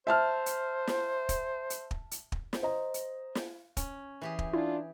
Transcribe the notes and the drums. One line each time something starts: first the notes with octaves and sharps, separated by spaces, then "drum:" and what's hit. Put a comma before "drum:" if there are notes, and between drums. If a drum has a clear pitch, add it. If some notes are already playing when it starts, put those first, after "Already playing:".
C5 E5 A5 F6
drum: hi-hat
drum: snare
drum: kick, hi-hat
drum: hi-hat
drum: kick
drum: hi-hat
drum: kick
drum: snare
C5 D#5 A#5
drum: hi-hat
drum: snare
C#4, drum: kick, hi-hat
E3 G4 G#4
drum: kick
D4 E4 F4